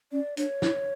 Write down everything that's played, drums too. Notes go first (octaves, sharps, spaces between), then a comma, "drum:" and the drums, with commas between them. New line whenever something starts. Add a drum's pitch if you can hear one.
C#4 D5
D4 C#5, drum: hi-hat
E4, drum: snare